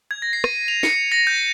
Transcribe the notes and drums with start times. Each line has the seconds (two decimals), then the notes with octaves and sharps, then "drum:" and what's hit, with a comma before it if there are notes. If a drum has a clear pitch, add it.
0.11 G#6
0.22 A#6
0.33 C7
0.44 D#7, drum: rim click
0.68 F7
0.83 C#7, drum: snare
1.12 A#6
1.27 G6